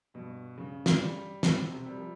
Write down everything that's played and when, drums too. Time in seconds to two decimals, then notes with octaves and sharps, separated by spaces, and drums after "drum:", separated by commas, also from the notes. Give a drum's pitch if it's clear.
0.14 G2 B2
0.57 G2 C#3
0.86 drum: snare
1.00 G3
1.43 B2 C4, drum: snare
1.72 C3
1.86 G3
1.96 F3